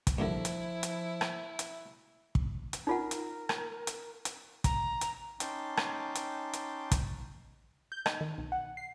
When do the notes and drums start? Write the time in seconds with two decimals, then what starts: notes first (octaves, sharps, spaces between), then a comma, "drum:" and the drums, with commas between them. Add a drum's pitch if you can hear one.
0.07 drum: kick, hi-hat
0.18 G2 A#2 D3 F3 E4
0.45 drum: hi-hat
0.83 drum: hi-hat
1.21 drum: rim click
1.59 drum: hi-hat
2.35 drum: kick
2.73 drum: hi-hat
2.87 D#4 F4 A#4 F#5
3.11 drum: hi-hat
3.49 drum: rim click
3.87 drum: hi-hat
4.25 drum: hi-hat
4.64 A#5, drum: kick, hi-hat
5.01 drum: hi-hat
5.40 C#4 D#4 G5 A5 C6 D6, drum: hi-hat
5.77 drum: rim click
6.15 drum: hi-hat
6.53 drum: hi-hat
6.91 drum: kick, hi-hat
7.92 G6
8.06 D#4, drum: rim click
8.21 D#3
8.38 B1
8.52 F#5
8.77 C7